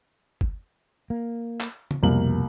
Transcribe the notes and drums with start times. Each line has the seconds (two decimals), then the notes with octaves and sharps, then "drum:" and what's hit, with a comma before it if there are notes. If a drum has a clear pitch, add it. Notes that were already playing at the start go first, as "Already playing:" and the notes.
0.41 drum: kick G1
1.10 A#3
1.61 drum: clap
1.91 drum: tom C#3
2.03 C2 F2 B2 A#3 F#7